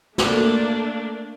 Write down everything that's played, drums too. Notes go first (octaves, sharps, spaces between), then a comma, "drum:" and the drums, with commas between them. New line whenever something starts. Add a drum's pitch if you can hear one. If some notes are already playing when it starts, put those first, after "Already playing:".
A3 A#3 D4, drum: snare